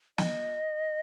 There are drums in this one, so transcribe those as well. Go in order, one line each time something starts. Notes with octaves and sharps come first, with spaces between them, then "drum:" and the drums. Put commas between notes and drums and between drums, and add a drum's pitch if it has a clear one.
D#5, drum: snare